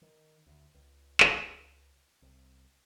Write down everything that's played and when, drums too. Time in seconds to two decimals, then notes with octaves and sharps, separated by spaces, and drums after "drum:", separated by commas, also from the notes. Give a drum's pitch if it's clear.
0.02 D#3
0.47 D2
0.74 C#2
1.20 drum: clap
2.22 C2